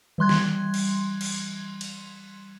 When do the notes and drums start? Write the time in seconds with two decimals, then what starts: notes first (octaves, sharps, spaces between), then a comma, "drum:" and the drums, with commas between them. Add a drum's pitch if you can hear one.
0.18 E3 G3 C6 F#6 G#6
0.29 drum: snare
0.74 drum: cymbal
1.21 drum: cymbal
1.81 drum: cymbal